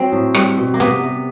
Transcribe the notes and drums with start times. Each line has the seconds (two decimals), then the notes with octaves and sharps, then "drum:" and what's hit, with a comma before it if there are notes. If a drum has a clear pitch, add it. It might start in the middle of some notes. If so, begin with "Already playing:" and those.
Already playing: F#3 C4
0.12 A2
0.34 G3, drum: rim click
0.57 B2
0.74 A#3
0.80 C3 B3, drum: hi-hat
1.03 C3